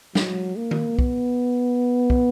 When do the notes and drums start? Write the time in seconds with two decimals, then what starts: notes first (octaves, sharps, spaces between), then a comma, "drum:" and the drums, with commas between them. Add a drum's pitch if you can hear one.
0.15 F#3, drum: snare
0.57 A#3
0.71 drum: tom D#3
0.99 B3, drum: kick
2.10 drum: kick